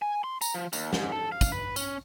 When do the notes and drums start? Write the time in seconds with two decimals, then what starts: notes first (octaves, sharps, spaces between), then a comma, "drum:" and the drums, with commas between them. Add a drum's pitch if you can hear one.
0.02 G#5
0.24 C6
0.41 A#5, drum: tambourine
0.54 F3
0.73 D#2, drum: tambourine
0.93 G#2, drum: snare
1.12 A4
1.32 F5
1.41 drum: kick, tambourine
1.52 B4
1.76 C#4, drum: tambourine